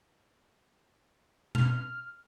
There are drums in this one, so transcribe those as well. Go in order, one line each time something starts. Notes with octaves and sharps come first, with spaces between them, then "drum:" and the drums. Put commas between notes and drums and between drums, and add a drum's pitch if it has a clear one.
F6, drum: tom